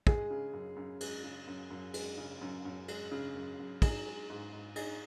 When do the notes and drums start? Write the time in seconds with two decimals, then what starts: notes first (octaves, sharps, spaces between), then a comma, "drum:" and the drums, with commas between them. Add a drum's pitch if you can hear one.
0.07 G#3 G#4, drum: kick
0.30 C#3
0.53 F#2
0.76 F#2
1.01 G#3, drum: cymbal
1.24 C#3
1.47 F#2
1.70 F#2
1.94 G#3, drum: cymbal
2.18 C#3
2.41 F#2
2.65 F#2
2.88 G#3, drum: cymbal
3.12 C#3
3.35 F#2
3.59 F#2
3.82 D#4 G#4, drum: kick, cymbal
4.06 G#3
4.30 G#2
4.53 G#2
4.76 D#4 G#4, drum: cymbal